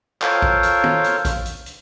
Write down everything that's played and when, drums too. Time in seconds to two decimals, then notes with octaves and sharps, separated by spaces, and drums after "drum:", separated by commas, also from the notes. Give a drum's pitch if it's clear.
0.22 F4 A4 A#4 C5 C#5 F5, drum: clap
0.42 drum: kick A#1
0.63 drum: hi-hat
0.84 drum: tom
1.04 drum: hi-hat
1.25 drum: kick A#1, hi-hat
1.45 drum: hi-hat
1.66 drum: hi-hat